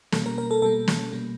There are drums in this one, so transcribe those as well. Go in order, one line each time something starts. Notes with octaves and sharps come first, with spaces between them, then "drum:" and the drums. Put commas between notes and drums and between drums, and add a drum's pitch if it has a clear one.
B2 G3 A#3 A4, drum: snare
A#4
A#4
A4
B2 G3 A#3 A4
drum: snare
B2 G3 A#3